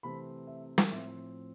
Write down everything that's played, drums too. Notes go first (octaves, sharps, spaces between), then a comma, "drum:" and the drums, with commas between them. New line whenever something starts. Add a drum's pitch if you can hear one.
C3 E3 A3 C4 B5
E5
drum: snare
A2 F3 C4 E5